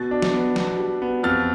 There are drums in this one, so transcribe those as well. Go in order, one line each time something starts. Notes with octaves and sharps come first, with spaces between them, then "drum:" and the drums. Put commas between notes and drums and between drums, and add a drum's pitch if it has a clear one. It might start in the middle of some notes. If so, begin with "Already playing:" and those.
Already playing: B2 A6
D4
drum: snare
B3
B2, drum: snare
G3
B3
F2 F6 A6